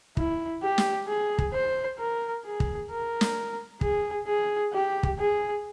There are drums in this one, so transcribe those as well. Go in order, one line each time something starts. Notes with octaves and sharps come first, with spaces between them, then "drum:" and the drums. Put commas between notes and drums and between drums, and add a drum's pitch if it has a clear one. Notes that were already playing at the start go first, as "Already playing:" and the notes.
E4, drum: kick
G4
drum: snare
G#4
drum: kick
C5
A#4
G#4
drum: kick
A#4
drum: snare
G#4, drum: kick
G#4
G4
drum: kick
G#4